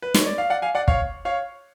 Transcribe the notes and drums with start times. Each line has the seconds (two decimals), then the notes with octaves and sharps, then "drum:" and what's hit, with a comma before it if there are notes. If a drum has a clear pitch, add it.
0.02 B4
0.14 C#5, drum: snare
0.26 D5
0.38 F5
0.50 D5 F#5
0.62 F5 G#5
0.75 D5 F#5
0.88 C#5 F5, drum: kick
1.25 C#5 F5